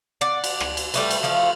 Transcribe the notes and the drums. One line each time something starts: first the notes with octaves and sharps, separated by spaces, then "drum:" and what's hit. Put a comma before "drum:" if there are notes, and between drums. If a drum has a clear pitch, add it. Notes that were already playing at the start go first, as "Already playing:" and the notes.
D5 F#5
drum: cymbal
drum: rim click
drum: cymbal
G3 A3 B4, drum: cymbal
drum: cymbal
F3 A3 F4